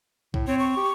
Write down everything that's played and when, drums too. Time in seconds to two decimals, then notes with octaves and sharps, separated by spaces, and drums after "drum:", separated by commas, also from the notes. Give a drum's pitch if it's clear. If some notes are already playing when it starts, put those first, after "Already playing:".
0.34 A2, drum: kick B1
0.47 C4 C#5
0.59 C#6
0.77 G4